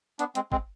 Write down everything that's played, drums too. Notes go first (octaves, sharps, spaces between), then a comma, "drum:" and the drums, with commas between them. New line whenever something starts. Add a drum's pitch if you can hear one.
B3 D4, drum: hi-hat
G#3 C4, drum: hi-hat
G#3 C4, drum: kick